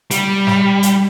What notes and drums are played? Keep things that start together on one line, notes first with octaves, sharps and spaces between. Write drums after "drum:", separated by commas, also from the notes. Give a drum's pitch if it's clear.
G3, drum: hi-hat
drum: snare
drum: hi-hat